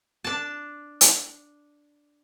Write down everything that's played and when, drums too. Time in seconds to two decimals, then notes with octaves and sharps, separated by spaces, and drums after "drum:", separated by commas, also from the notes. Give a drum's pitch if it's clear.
0.24 D4 A5
1.01 drum: hi-hat